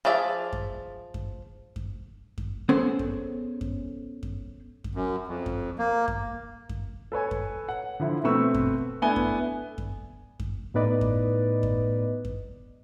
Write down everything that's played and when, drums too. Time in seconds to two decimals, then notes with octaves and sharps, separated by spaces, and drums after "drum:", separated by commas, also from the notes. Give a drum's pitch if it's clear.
0.05 F3 G#4 D5 E5
0.53 drum: kick F#2
1.14 drum: kick F#2
1.76 drum: kick F#2
2.38 drum: kick F#2
2.69 B3 C#4 G#4 A4 C5
2.99 drum: kick F#2
3.61 drum: kick F#2
4.23 drum: kick F#2
4.84 drum: kick F#2
4.95 F#2
5.27 F2
5.46 drum: kick F#2
5.78 A#3
6.08 drum: kick F#2
6.69 drum: kick F#2
7.12 A4 B4 C#5 G#5
7.31 drum: kick F#2
7.69 F#5
8.00 D3 F3 E4
8.24 B2 A3 C4 B4 C#6 E6
8.54 drum: kick F#2
9.02 A3 B3 D4 E4 G#5 G7
9.16 drum: kick F#2
9.78 drum: kick F#2
10.40 drum: kick F#2
10.74 A2 B3 D#4 B4 D5 D#5
11.01 drum: kick F#2
11.63 drum: kick F#2
12.25 drum: kick F#2